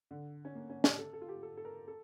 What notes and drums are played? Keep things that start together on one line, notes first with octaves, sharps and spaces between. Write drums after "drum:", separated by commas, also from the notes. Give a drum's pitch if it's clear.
D3
C#4
A#3
C#4
G4, drum: snare
A4
A4
F4
G4
A4
A4
A#4
A4